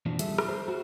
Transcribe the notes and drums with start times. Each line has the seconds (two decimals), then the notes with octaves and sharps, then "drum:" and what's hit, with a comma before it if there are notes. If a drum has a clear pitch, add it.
0.06 E2 B2 F3 D4
0.19 G3 G#4 A4 E5, drum: hi-hat
0.38 drum: rim click
0.48 C5
0.68 F#4